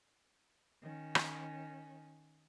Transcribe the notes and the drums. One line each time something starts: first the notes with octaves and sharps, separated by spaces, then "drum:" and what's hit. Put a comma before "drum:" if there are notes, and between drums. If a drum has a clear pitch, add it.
D#3 C#4
drum: rim click